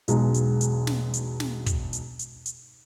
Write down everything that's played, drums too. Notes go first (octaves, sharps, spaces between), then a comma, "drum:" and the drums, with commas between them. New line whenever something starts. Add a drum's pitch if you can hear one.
E1 B1 G#3 D#4, drum: hi-hat
drum: hi-hat
drum: hi-hat
drum: snare
drum: hi-hat
drum: snare
drum: kick, hi-hat
drum: hi-hat
drum: hi-hat
drum: hi-hat